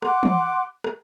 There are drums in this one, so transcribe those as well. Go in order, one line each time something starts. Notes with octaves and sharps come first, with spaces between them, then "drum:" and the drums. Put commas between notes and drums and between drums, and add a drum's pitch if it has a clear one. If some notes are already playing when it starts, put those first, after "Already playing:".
F#5 C6 D6 F#6, drum: rim click
drum: tom E3
drum: rim click